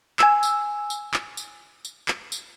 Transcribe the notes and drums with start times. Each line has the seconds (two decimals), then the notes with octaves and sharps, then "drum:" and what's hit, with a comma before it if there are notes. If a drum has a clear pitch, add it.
0.19 G#5 E6, drum: clap
0.43 drum: tambourine
0.90 drum: tambourine
1.14 drum: clap
1.37 drum: tambourine
1.85 drum: tambourine
2.08 drum: clap
2.32 drum: tambourine